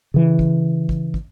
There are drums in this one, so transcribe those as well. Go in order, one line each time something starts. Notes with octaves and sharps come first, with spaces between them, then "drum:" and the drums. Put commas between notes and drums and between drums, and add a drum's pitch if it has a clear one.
C#3 E3
drum: kick
drum: kick
drum: kick